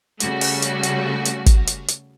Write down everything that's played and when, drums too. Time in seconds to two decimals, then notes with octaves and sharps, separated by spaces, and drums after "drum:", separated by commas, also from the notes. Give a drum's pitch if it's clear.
0.20 C#3 G3 A3 F#4, drum: hi-hat
0.41 drum: open hi-hat
0.62 drum: hi-hat
0.83 drum: hi-hat
1.25 drum: hi-hat
1.46 drum: kick, hi-hat
1.67 drum: hi-hat
1.88 drum: hi-hat